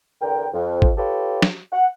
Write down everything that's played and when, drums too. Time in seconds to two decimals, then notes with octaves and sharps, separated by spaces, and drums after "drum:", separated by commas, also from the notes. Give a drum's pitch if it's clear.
0.22 E2 D3 A#4 G5
0.54 F2
0.82 drum: kick G#1
0.98 F4 G4 A4 B4 C#5
1.42 drum: snare
1.72 F#5